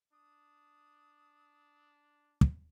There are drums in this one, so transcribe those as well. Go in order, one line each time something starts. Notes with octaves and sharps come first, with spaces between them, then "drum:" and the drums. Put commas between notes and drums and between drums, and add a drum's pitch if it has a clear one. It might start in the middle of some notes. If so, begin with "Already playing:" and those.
D4 D#6
drum: kick